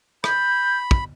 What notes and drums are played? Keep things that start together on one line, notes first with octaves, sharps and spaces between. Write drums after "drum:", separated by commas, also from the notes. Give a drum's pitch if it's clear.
B5 G6, drum: rim click
drum: kick